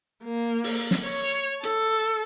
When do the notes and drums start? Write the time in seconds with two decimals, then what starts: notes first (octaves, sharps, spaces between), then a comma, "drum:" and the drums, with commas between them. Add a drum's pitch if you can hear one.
0.24 A#3
0.64 drum: open hi-hat
0.91 drum: snare
1.05 C#5
1.63 A4, drum: hi-hat